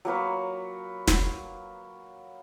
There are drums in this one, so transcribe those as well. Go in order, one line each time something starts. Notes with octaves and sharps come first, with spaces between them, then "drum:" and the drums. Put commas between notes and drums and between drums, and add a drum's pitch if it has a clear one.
F#3 A#3 B4 C#5
drum: snare